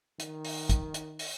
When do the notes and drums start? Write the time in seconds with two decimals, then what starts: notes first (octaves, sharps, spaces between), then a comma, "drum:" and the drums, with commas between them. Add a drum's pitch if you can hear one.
0.20 D#3, drum: hi-hat
0.45 drum: open hi-hat
0.69 drum: kick, hi-hat
0.94 drum: hi-hat
1.19 drum: open hi-hat